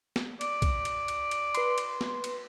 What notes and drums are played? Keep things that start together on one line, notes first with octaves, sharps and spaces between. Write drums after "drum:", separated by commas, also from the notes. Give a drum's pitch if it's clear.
drum: snare B3
D5, drum: cymbal
drum: kick, cymbal
drum: cymbal
drum: cymbal
drum: cymbal
B4 C6, drum: cymbal
drum: cymbal
drum: snare B3
drum: cymbal